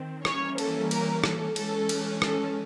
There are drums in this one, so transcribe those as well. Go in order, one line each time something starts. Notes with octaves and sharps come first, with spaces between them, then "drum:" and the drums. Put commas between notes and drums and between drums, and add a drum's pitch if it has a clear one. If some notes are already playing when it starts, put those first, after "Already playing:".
Already playing: D#3 C4
E3 G3 A#3 C#4 C#5, drum: rim click
A4, drum: cymbal
A#4, drum: cymbal
A4, drum: rim click
E3 G#3 C#4 A4, drum: cymbal
drum: cymbal
A4, drum: rim click